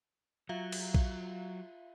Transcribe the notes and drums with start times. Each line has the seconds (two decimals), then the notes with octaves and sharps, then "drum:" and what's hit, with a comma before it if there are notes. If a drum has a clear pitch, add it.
0.49 F#3 F4 E5 F5
0.72 drum: cymbal
0.94 drum: kick A#1